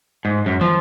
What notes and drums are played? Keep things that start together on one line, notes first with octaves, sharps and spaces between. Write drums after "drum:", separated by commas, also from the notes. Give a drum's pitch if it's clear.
G#2
F#2
F3, drum: tom